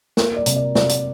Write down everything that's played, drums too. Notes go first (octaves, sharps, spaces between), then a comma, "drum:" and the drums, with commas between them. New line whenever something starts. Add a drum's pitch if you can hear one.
A#3 A#4, drum: snare
D5
C3, drum: hi-hat
D5
C3 D5, drum: snare
drum: hi-hat